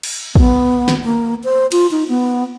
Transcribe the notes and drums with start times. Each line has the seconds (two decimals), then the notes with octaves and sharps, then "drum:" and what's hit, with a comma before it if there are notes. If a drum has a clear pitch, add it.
0.03 drum: cymbal
0.35 B3, drum: kick
0.88 drum: snare
1.04 A#3
1.44 C5
1.72 F4, drum: cymbal
1.91 D#4
2.09 B3